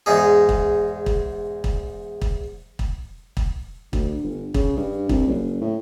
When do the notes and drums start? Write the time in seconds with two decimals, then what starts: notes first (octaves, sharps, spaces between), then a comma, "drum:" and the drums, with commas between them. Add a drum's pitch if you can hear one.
0.06 E2 G#2 D#4 G#4
0.49 drum: kick
1.06 drum: kick
1.64 drum: kick
2.21 drum: kick
2.79 drum: kick
3.37 drum: kick
3.93 D2, drum: kick
4.24 G1
4.54 C#3, drum: kick
4.77 G2
5.09 C2, drum: kick
5.28 F#1
5.61 A2